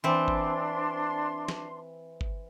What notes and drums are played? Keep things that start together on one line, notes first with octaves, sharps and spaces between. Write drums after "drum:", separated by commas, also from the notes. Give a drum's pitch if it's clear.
E3 C4 D4 C6
drum: kick G1
drum: snare
drum: kick G1